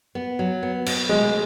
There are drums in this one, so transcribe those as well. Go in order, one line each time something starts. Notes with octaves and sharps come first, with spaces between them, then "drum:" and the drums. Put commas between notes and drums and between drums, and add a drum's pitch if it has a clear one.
B3
F#3
B3
B2, drum: cymbal
F#3 G#3